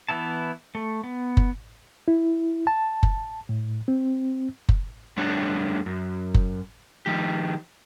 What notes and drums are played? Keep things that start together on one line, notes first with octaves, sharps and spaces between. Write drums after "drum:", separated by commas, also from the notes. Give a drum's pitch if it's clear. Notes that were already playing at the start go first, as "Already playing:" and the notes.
E3 B3 E4 A5
A3
B3
drum: kick F#1
E4
A5
drum: kick F#1
A2
C4
drum: kick F#1
F2 G3 A3 D4 C#5 F#5
F#2
drum: kick F#1
D#3 F3 G4